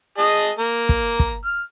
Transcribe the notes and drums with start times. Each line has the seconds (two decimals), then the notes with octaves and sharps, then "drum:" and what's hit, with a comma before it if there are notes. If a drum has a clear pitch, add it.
0.18 G#4 D#5 A5
0.59 A#3 A#5
0.89 drum: kick
1.19 drum: kick
1.45 F6